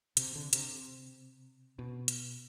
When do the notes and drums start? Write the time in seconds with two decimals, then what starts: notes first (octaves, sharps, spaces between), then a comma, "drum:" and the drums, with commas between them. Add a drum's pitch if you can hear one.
0.17 C3, drum: hi-hat
0.35 D3
0.53 C3, drum: hi-hat
1.79 B2
2.08 drum: hi-hat